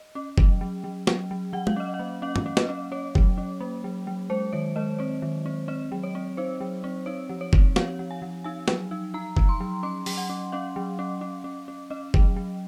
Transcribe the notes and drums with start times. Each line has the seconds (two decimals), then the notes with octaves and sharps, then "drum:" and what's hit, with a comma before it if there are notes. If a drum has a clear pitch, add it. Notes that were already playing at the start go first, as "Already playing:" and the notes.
Already playing: D#5
0.15 C#4
0.38 F#3, drum: kick
0.61 F#3
0.84 F#3
1.07 F#3, drum: snare
1.31 F#3
1.53 F#3 F#5
1.67 F5, drum: tom
1.76 C#4 D#5
1.94 F5
1.99 A#3
2.22 C#4 F5
2.36 drum: tom
2.46 C#4
2.57 D#5, drum: snare
2.69 C#4
2.92 C#4 C#5
3.15 F#3, drum: kick
3.38 C#4
3.61 A#3
3.84 F#3
4.07 F#3
4.30 G#3 C5
4.53 D#3 C#5
4.76 G#3 D#5
4.99 C4 C#5
5.22 D#3
5.46 C4
5.68 C4 D#5
5.92 F#3
6.03 C#5
6.15 C4
6.37 D#4 C5
6.60 F#3
6.84 C4
7.06 D#4 C#5
7.29 F3
7.41 C#5
7.53 C4, drum: kick
7.76 F3 F5, drum: snare
7.99 F3
8.11 G#5
8.22 F3
8.44 D#4 G#5
8.68 F#3, drum: snare
8.91 D#4
9.14 D#4 A#5
9.37 D#4, drum: kick
9.49 C6
9.60 F#3
9.83 C#4 C6
10.06 F#3, drum: open hi-hat
10.18 F#5
10.30 C#4
10.52 C#4 F5
10.76 F#3
10.99 C#4
11.21 C#4
11.44 C#4
11.68 C#4
11.90 C#4 D#5
12.14 F#3, drum: kick
12.36 F#3